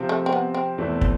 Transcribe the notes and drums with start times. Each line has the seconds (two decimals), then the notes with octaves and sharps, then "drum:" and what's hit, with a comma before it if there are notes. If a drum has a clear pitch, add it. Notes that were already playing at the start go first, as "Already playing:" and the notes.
Already playing: C3 F3 C4
0.09 A3
0.26 C4
0.32 B3
0.54 C4
0.78 E2 B2 A3 C4 E4
1.01 drum: kick